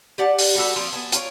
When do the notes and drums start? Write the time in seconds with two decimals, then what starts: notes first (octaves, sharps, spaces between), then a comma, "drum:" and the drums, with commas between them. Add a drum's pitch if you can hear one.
0.18 G4 D5 F#5 A5
0.38 drum: open hi-hat
0.55 G3 F#4 A4 B4
0.76 F3 A#3 C4 A#4
0.92 B3 G#5 A5
1.12 F4 A#4 C5 C#5, drum: hi-hat